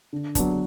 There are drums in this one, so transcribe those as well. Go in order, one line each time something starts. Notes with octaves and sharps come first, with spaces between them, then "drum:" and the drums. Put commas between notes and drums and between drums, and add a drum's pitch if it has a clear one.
D3
F#3 B3 D4, drum: kick, hi-hat